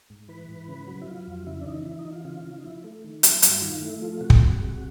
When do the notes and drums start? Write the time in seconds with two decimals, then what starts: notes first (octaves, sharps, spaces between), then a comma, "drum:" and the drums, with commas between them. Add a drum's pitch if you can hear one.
0.10 G#2
0.29 E3 B4
0.49 G#2
0.68 C#3
0.88 F#3
1.02 E4
1.08 F#3 F4
1.27 F2
1.47 C#3 E4
1.61 D4
1.66 E3 D#4
1.85 E3 E4
1.99 D#4
2.05 E3
2.13 F4
2.25 C#3 F4
2.44 C#3
2.58 D#4
2.64 F3 E4
2.84 A3
3.04 D#3
3.23 F#3, drum: hi-hat
3.42 G2 F#4, drum: hi-hat
3.62 D#3 F4
3.81 A3 E4
4.02 F3 F4
4.12 F4
4.21 C3 F#4
4.30 drum: kick
4.40 C3
4.60 G#3